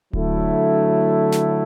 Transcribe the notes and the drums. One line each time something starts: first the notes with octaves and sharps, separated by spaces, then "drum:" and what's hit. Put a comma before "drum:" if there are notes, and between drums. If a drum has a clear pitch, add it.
D3 F#3 A3 E4, drum: kick D1
drum: snare